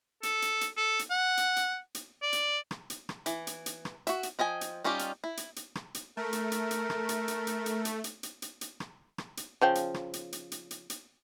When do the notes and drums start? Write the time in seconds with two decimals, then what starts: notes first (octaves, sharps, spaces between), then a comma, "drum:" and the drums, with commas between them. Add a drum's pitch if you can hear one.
0.23 A4, drum: hi-hat
0.42 drum: hi-hat
0.61 drum: hi-hat
0.77 A4
0.99 drum: hi-hat
1.11 F#5
1.37 drum: hi-hat
1.56 drum: hi-hat
1.95 drum: hi-hat
2.22 D5
2.33 drum: hi-hat
2.71 drum: rim click
2.90 drum: hi-hat
3.09 drum: rim click
3.26 E3, drum: hi-hat
3.47 drum: hi-hat
3.66 drum: hi-hat
3.85 drum: rim click
4.07 F#4 E5, drum: hi-hat
4.23 drum: hi-hat
4.39 F3 D#5 G5 G#5
4.61 drum: hi-hat
4.84 G3 C#4 D#4 F4 G4
4.99 drum: hi-hat
5.24 E4
5.37 drum: hi-hat
5.56 drum: hi-hat
5.75 drum: rim click
5.94 drum: hi-hat
6.17 A3 A#4
6.33 drum: hi-hat
6.52 drum: hi-hat
6.71 drum: hi-hat
6.90 drum: rim click
7.09 drum: hi-hat
7.28 drum: hi-hat
7.47 drum: hi-hat
7.66 drum: hi-hat
7.85 drum: hi-hat
8.04 drum: hi-hat
8.23 drum: hi-hat
8.42 drum: hi-hat
8.61 drum: hi-hat
8.80 drum: rim click
9.18 drum: rim click
9.37 drum: hi-hat
9.61 C#3 F3 G5
9.75 drum: hi-hat
9.94 drum: rim click
10.13 drum: hi-hat
10.33 drum: hi-hat
10.52 drum: hi-hat
10.71 drum: hi-hat
10.90 drum: hi-hat